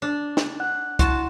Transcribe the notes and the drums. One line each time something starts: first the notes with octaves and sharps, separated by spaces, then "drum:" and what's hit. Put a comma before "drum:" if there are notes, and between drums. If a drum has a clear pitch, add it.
D4
drum: snare
F#5 F#6
E4 F#4 A5 C6, drum: kick C2, hi-hat